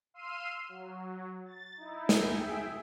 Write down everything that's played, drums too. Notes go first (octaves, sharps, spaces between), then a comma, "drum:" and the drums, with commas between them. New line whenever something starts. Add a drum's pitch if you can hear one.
F5 C6 E6 F6 C7 D#7
F#3
A6
D#4 E4
drum: snare
G#4 E5 G5